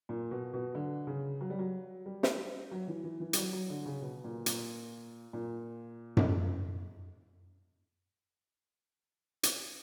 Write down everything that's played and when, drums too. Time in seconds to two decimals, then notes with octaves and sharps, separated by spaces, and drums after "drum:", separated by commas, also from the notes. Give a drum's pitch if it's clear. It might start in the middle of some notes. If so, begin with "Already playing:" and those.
0.09 A#2
0.31 B2
0.54 B2
0.75 D3
1.07 C#3
1.41 F#3
1.50 G3
1.59 F#3
2.06 G3
2.23 drum: snare
2.71 F#3
2.88 E3
3.04 E3
3.20 E3
3.33 G3, drum: hi-hat
3.37 F#3
3.53 F#3
3.70 D3
3.86 C#3
4.02 B2
4.24 A#2
4.46 A#2, drum: hi-hat
5.33 A#2
6.17 drum: tom F#2
9.43 drum: hi-hat